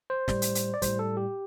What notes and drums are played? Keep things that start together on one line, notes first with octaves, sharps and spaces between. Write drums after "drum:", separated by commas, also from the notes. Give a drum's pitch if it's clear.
C5
A2 G3, drum: snare
drum: hi-hat
drum: hi-hat
D5
A2 G3 C5, drum: kick, hi-hat
A4
G4